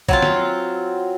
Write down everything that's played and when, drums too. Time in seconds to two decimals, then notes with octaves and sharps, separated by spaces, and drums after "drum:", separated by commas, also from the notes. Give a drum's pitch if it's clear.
0.09 F#3 C4 F4, drum: kick
0.22 drum: snare